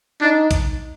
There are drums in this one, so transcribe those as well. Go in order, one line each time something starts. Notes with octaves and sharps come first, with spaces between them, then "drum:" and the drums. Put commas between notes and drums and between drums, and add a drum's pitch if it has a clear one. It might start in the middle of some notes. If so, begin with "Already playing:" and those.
D4 D#4
drum: kick B1, hi-hat